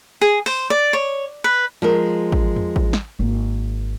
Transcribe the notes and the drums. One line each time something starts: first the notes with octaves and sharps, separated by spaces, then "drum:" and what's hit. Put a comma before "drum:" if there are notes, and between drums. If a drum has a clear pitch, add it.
G#4
C5, drum: open hi-hat
D5
C#5
B4
F3 G#3 A#4
drum: kick A1
drum: tom E2
drum: kick A1
drum: snare
G#1 A#3